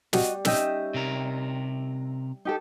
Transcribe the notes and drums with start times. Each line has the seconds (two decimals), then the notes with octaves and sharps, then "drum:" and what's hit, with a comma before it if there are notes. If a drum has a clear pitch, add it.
0.13 G3 F#4 D#5, drum: snare
0.45 C#4 D#4 D#5 E5 G5 E6, drum: snare
0.94 C3 A#4
2.45 D#4 G4 A4